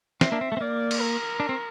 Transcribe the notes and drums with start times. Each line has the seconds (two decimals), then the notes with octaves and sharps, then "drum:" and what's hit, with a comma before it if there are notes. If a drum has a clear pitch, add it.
0.21 C4 E5, drum: snare
0.32 A#3 D4
0.41 C4
0.52 A3
0.57 C4
0.61 A#3 D5
0.91 drum: cymbal
1.00 A#4
1.40 D4
1.49 C4